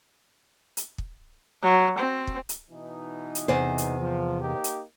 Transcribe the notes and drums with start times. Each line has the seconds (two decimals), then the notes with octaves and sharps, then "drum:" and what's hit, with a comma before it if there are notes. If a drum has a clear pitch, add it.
0.77 drum: hi-hat
0.98 drum: kick
1.63 F#3
1.98 C4
2.27 drum: kick
2.49 drum: hi-hat
2.70 B2 E3 D#4
3.35 drum: hi-hat
3.48 E2 C3 C5
3.78 drum: hi-hat
3.99 F3
4.41 A#3 D#4 G4
4.64 drum: hi-hat